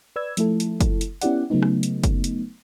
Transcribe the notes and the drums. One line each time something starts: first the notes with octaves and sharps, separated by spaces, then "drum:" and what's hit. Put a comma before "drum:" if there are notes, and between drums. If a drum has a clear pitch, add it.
B4 D5 E6 G#6
F3 A3 E4 A4, drum: hi-hat
drum: hi-hat
drum: kick, hi-hat
drum: hi-hat
B3 C#4 E4 G4 D5 F#5, drum: hi-hat
C#3 F#3 A3 B3 D#4
drum: rim click
drum: hi-hat
drum: kick, hi-hat
drum: hi-hat